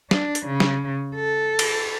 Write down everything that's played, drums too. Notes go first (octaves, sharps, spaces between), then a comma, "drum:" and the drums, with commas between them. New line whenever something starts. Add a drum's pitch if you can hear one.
D4, drum: snare
drum: hi-hat
C#3
drum: snare
A4
drum: cymbal